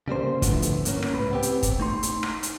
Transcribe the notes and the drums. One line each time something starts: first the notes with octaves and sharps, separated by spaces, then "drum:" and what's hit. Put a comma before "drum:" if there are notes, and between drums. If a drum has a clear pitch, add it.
C#3 G3 A#3 C5
D2 A2 D3 F3 A3 B3, drum: kick, hi-hat
drum: hi-hat
G2 A#3 C#4, drum: hi-hat
drum: rim click
C#2 A2 B4
B3 C4 G4
drum: hi-hat
drum: kick, hi-hat
A3 D#4 C6
drum: hi-hat
drum: rim click
drum: hi-hat